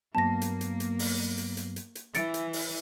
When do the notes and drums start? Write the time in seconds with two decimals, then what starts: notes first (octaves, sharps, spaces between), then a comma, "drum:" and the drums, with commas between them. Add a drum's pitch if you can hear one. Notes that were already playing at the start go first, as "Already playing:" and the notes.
0.15 G2 F#3 A#3 B3 A5 A#6
0.42 drum: hi-hat
0.61 drum: hi-hat
0.80 drum: hi-hat
0.99 drum: open hi-hat
1.38 drum: hi-hat
1.57 drum: hi-hat
1.76 drum: hi-hat
1.95 drum: hi-hat
2.15 E3 A6 C#7 D7, drum: hi-hat
2.34 drum: hi-hat
2.53 drum: open hi-hat